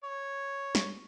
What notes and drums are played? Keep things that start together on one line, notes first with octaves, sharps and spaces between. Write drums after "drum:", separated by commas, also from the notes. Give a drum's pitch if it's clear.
C#5
drum: snare